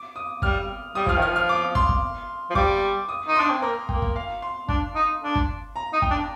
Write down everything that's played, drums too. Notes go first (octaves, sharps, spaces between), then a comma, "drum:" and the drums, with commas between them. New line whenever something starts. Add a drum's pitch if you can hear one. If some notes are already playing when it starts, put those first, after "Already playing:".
Already playing: D6
D#6
G3 F6, drum: kick
G3 D#6
F3 F6, drum: kick
D#3 F6
F3
F6
D6
C6, drum: kick
drum: kick
F3
G3 D6, drum: kick
D#6
D#4
D4 C6
C4
A#3 A#5
A#3 G5, drum: kick
drum: kick
F5
C6
D4, drum: kick
D#4
D4
drum: kick
A#5
D#4
G5, drum: kick
D4